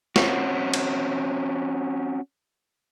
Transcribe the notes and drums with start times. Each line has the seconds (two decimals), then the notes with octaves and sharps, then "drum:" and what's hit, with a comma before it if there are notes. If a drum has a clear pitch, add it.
0.16 C4 C#4 F#4, drum: snare
0.74 drum: cymbal